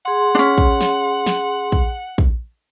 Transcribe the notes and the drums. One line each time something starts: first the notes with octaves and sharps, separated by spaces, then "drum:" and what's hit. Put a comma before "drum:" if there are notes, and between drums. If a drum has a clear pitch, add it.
G#4 F#5 C6
C#4 D4
drum: kick
drum: snare
drum: snare
drum: kick
drum: kick